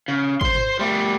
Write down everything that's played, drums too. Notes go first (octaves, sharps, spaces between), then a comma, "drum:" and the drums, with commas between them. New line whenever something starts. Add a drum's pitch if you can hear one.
C#3
C5 C6, drum: kick G#1
drum: tom
G3 A3